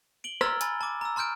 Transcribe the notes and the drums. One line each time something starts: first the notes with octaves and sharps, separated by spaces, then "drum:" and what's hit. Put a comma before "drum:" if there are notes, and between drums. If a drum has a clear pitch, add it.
D7 F#7 G7
A#5 E6 F6 G#6 A6, drum: rim click
G#5 B5 A6, drum: hi-hat
A5 D6
A#5 E6
A5 C6 F6 G6 D7